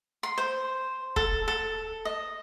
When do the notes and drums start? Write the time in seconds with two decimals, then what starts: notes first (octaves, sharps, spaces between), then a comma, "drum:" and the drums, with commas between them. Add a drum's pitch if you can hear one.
0.23 C6
0.38 C5
1.16 A4, drum: kick
1.48 A4
2.05 D#5